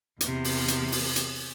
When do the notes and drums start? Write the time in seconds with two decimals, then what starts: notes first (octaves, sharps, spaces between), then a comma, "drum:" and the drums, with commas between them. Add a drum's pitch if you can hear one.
0.21 E2 C3, drum: hi-hat
0.44 drum: open hi-hat
0.68 drum: hi-hat
0.92 drum: open hi-hat
1.16 drum: hi-hat